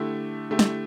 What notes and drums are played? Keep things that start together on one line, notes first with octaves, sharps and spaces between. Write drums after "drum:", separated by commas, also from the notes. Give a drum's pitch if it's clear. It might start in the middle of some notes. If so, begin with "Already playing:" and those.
Already playing: D3 A3 E4 G4
D3 A3 E4 G4
drum: snare